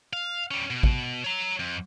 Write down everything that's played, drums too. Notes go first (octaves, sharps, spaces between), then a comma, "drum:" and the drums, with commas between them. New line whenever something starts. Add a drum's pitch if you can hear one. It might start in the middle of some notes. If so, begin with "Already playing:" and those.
F5
G3 C#4
B2
drum: kick
C#5 A#5
F2